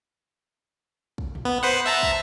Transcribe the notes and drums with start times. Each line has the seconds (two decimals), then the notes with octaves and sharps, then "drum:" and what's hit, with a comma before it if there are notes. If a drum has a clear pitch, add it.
1.18 drum: kick
1.35 drum: tom A2
1.45 B3
1.63 B4 C5 F#5
1.86 E5 A5 A#5
2.03 drum: kick